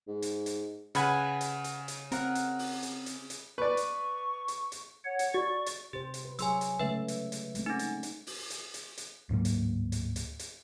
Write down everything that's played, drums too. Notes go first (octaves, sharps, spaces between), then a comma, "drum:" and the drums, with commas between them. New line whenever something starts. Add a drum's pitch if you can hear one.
G#2
drum: hi-hat
drum: hi-hat
C#3 B4 F#5 G#5, drum: hi-hat
drum: hi-hat
drum: hi-hat
drum: hi-hat
C4 A#4 F#5, drum: hi-hat
drum: hi-hat
drum: open hi-hat
drum: hi-hat
drum: hi-hat
drum: hi-hat
B4 D5 C#6
drum: hi-hat
drum: hi-hat
drum: hi-hat
C#5 F#5
drum: hi-hat
F#4 D5 C#6
drum: hi-hat
C3 G4 C5
drum: hi-hat
B4
F#3 G#4 C#5 G#5 C6 E6, drum: hi-hat
drum: hi-hat
C#3 G#3 A3 B4 E5
drum: hi-hat
drum: hi-hat
G#3 A3 C4, drum: hi-hat
C#4 D#4
drum: hi-hat
drum: hi-hat
drum: open hi-hat
drum: hi-hat
drum: hi-hat
drum: hi-hat
D1 G#2 F#3 A#3
drum: hi-hat
drum: hi-hat
drum: hi-hat
drum: hi-hat